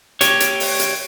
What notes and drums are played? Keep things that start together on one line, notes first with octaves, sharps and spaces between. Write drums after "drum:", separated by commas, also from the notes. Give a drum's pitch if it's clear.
G4 C#5, drum: hi-hat
drum: hi-hat
drum: open hi-hat
drum: hi-hat